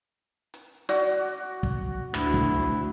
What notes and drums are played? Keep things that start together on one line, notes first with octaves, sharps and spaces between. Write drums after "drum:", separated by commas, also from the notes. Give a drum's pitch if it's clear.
drum: hi-hat
F#4 D5, drum: snare
drum: kick
D2 E4, drum: rim click
drum: kick